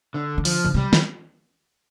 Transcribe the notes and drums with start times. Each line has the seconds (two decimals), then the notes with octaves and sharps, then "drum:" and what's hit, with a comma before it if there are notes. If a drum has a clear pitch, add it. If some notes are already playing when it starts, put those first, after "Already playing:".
0.14 D3
0.38 D3
0.45 F3, drum: open hi-hat
0.65 D3
0.74 C3 G3
0.93 drum: snare